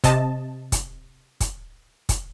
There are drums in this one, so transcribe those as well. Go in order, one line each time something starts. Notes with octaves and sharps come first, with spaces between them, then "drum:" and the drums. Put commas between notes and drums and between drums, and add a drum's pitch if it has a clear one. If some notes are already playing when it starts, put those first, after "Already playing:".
C3 D#5 A5, drum: kick, hi-hat
drum: kick, hi-hat
drum: kick, hi-hat
drum: kick, hi-hat